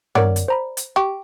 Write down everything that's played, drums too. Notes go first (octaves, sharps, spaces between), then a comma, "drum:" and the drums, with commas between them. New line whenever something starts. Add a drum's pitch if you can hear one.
A#4 C#5 D5 F#5, drum: tom
drum: hi-hat
C5 A#5 B5
drum: hi-hat
G4 C#6